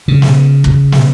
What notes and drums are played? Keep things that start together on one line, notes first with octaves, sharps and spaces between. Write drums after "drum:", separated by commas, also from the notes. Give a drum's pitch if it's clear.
C#3
drum: snare
drum: kick
drum: snare